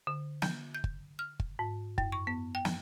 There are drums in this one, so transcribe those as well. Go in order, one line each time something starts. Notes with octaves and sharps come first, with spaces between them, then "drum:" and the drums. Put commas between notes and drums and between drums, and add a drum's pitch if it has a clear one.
D3
G6, drum: snare
G6
drum: kick
F6
drum: kick
G#2
F#2, drum: kick
C#6
B3
G5
drum: snare